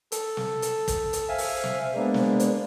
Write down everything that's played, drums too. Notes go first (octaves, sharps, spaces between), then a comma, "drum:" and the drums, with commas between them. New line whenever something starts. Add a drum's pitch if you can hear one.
A4, drum: hi-hat
drum: snare
drum: hi-hat
drum: kick, hi-hat
drum: hi-hat
C5 E5 F5 G#5
drum: open hi-hat
drum: snare
G#3 A#3 B3 D4
drum: snare
drum: hi-hat